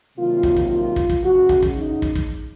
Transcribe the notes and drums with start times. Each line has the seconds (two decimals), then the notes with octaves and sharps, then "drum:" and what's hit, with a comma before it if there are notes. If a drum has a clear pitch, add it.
0.16 C3 D#3 F#3 A#3 F4
0.43 drum: kick
0.57 drum: kick
0.70 F4
0.96 drum: kick
1.10 drum: kick
1.22 F#2 C#3 G#3 F#4
1.49 drum: kick
1.62 drum: kick
1.76 D#4
2.02 drum: kick
2.15 drum: kick